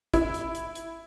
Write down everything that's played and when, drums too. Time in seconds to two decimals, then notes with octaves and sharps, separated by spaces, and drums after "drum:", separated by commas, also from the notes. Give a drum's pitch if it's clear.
0.14 E4, drum: kick, hi-hat
0.34 drum: hi-hat
0.55 drum: hi-hat
0.75 drum: hi-hat